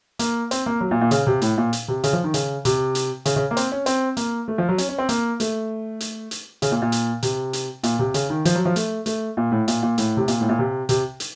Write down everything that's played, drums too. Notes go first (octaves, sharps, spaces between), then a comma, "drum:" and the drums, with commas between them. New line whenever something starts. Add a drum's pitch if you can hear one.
A#3, drum: hi-hat
C4, drum: hi-hat
A#3
F#3
A#2
A#2
C#3, drum: hi-hat
C3
A2, drum: hi-hat
A#2
drum: hi-hat
C3
C#3, drum: hi-hat
F3
D#3
C#3, drum: hi-hat
C3, drum: hi-hat
drum: hi-hat
C#3, drum: hi-hat
C#3
A#3
C4, drum: hi-hat
C#4
C4, drum: hi-hat
A#3, drum: hi-hat
A3
F3
F#3
C#4, drum: hi-hat
C#4
C4
A#3, drum: hi-hat
A3, drum: hi-hat
drum: hi-hat
drum: hi-hat
C#3, drum: hi-hat
A#2
A#2
drum: hi-hat
C3, drum: hi-hat
drum: hi-hat
A#2, drum: hi-hat
C3
C#3, drum: hi-hat
D#3
F3, drum: hi-hat
F#3
F3
A3, drum: hi-hat
A3, drum: hi-hat
A#2
A2
A#2, drum: hi-hat
A#2
A2, drum: hi-hat
C3
A#2, drum: hi-hat
A2
A#2
C3
C3, drum: hi-hat
drum: hi-hat